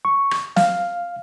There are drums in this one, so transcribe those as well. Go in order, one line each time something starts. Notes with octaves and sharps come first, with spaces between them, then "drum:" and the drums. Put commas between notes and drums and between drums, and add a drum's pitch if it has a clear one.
C#6
drum: rim click
F5, drum: snare